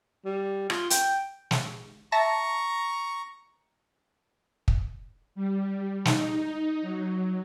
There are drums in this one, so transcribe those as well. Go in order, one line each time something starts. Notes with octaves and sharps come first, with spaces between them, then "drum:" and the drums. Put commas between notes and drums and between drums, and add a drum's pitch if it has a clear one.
G3
F4, drum: rim click
G5, drum: hi-hat
drum: snare
E5 A5 A#5 C#6 A#6
drum: kick
G3
D#4, drum: snare
F#3